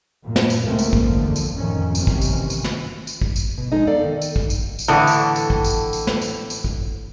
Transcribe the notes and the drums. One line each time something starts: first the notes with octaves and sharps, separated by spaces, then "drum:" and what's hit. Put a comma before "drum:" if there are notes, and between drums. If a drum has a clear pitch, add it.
F#2 A#2
drum: snare
drum: tambourine
C#2 A2 C#3 A3 A#3 C4
drum: tambourine
drum: kick
F#1 E2 D3 F3
drum: tambourine
F2 A2 D#3 C#4
G1 C3 D#3 E3 C#4, drum: tambourine
drum: kick
drum: tambourine
drum: tambourine
drum: snare
drum: tambourine
drum: kick
drum: tambourine
B2
F3 G#3 D#4 A4 D#5
B3 A4 D5 F5
D#3
drum: tambourine
drum: kick
drum: tambourine
drum: tambourine
A2 D3 E3
drum: tambourine
drum: tambourine
drum: kick
drum: tambourine
drum: tambourine
drum: snare
drum: tambourine
drum: tambourine
drum: kick